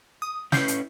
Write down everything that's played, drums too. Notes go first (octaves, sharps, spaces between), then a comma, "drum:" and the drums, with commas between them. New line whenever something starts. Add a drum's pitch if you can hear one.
D#6
C#4 E4 B4 G6 C7, drum: snare
drum: hi-hat